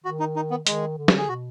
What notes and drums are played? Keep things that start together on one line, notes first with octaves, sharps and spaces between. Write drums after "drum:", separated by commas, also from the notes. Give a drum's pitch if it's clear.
D#3 F#4
D#4
D#4
B3
D#3 G#3, drum: hi-hat
D3
drum: snare
G#4
B2 F#4